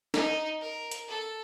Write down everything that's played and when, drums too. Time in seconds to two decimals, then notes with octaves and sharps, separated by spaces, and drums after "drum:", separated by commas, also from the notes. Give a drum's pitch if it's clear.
0.14 D#4, drum: snare
0.60 A#4
0.91 drum: hi-hat
1.08 A4